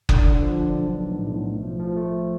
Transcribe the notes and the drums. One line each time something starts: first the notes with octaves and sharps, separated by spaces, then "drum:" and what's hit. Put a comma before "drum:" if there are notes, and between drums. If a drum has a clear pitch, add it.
D3, drum: kick F#1
D3
F3
D4
B1
B1
A2
B1
A3
F3
F3
A3